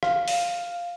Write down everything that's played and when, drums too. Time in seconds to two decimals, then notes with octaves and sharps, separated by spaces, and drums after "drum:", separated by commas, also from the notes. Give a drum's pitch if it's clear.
0.03 F5, drum: rim click
0.28 drum: open hi-hat